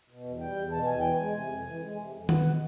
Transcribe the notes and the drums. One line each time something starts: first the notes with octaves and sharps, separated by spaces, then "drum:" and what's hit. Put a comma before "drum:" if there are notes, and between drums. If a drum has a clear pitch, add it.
B2
E2
G3 G5
E2
B2 A5
E2 G#5
E3 G5
G#5
G#3
C3
F2
E3
G#3
C3
F2
B3 F#5, drum: tom D#3
B2